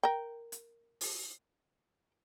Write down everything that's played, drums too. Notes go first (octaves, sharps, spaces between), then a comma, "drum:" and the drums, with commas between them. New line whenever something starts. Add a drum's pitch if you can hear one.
A#4 G5
drum: hi-hat
drum: open hi-hat